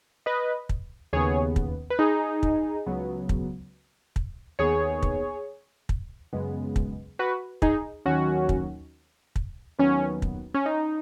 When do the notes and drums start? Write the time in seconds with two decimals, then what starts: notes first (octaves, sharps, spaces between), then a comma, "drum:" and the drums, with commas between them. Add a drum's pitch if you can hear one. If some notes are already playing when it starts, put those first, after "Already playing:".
0.26 B4 D#5
0.69 drum: kick
1.13 D#2 C#3 B3 G#4 C#5
1.56 drum: kick
1.90 B4
1.99 D#4 G#4
2.43 drum: kick
2.87 C#2 C#3 F#3 B3
3.29 drum: kick
4.16 drum: kick
4.59 D#2 D#3 B3 G#4 C#5
5.02 drum: kick
5.89 drum: kick
6.33 F#2 C#3 G#3 B3
6.76 drum: kick
7.19 F#4 B4
7.62 D#4 G#4, drum: kick
8.06 D#2 D#3 F#3 C#4 F#4
8.49 drum: kick
9.36 drum: kick
9.79 D#2 D#3 F#3 B3 C#4
10.22 drum: kick
10.55 C#4
10.66 D#4